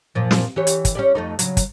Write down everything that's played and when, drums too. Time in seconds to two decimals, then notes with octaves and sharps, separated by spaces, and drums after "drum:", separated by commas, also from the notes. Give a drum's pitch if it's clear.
0.15 F#2 A#2 F3
0.31 drum: snare
0.56 E3 G4 C#5
0.67 drum: hi-hat
0.85 drum: kick, hi-hat
0.95 C#4 G4 D5
1.15 F2 A3 D#4
1.39 C#3 F#3, drum: hi-hat
1.57 drum: kick, hi-hat